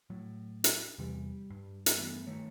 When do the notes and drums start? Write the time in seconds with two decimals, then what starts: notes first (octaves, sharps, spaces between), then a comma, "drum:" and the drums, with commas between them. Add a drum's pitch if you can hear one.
0.10 A2 F#3
0.64 drum: hi-hat
0.99 E2 C3 E3 G3
1.50 G2
1.86 drum: hi-hat
1.98 E3 A3 B3
2.27 D#3 A3 C#5